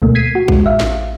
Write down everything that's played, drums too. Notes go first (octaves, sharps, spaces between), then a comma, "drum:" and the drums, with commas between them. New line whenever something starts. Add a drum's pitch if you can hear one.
D2 B2 A3 A#3
G#6 B6 C7 D#7
F#4
G#3, drum: kick A#1
A1 E5 F5
drum: snare